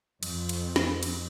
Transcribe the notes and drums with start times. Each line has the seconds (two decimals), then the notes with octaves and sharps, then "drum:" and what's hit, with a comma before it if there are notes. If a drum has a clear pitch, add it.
0.23 F2, drum: cymbal
0.49 drum: cymbal
0.76 drum: snare
1.03 drum: cymbal